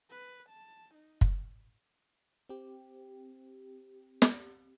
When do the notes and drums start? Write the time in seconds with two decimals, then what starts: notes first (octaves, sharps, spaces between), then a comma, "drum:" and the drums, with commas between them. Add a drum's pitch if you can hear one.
0.10 B4
0.49 A5
0.95 D#4
1.21 drum: kick
2.49 C4 G4
4.22 drum: snare